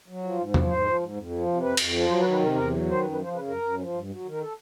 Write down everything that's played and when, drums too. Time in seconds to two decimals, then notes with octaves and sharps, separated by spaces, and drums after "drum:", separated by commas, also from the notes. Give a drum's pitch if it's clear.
0.08 F#3
0.24 F3
0.38 G#2
0.54 F3, drum: tom
0.69 G#2 C5
0.85 F3
1.00 G#2
1.16 F2
1.31 F3
1.46 C3
1.62 F2 B4
1.77 F2, drum: cymbal
1.93 F3
2.08 F#3 C5
2.20 B4
2.23 D#3
2.32 B4
2.39 C3 A#4
2.54 E2 A#4
2.70 F#3
2.85 D#3
2.90 C5
3.01 F#2 B4
3.12 B4
3.16 F3
3.24 C5
3.31 C#3 B4
3.47 F#2 A#4
3.62 F#2
3.78 F3
3.93 G2
4.09 F#3
4.25 D#3
4.31 A#4
4.39 A4